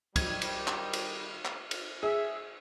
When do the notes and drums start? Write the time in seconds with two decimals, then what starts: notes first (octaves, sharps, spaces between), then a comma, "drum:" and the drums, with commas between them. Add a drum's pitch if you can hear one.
0.16 D#3 G3 G#6, drum: kick, cymbal
0.42 drum: cymbal
0.68 drum: clap
0.93 drum: cymbal
1.45 drum: clap
1.71 drum: cymbal
2.03 G#4 E5